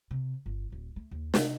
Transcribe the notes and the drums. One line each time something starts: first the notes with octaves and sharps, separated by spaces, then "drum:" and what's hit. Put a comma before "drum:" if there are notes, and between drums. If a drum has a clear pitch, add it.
C3
G1
D1
A3
D#2
C3, drum: snare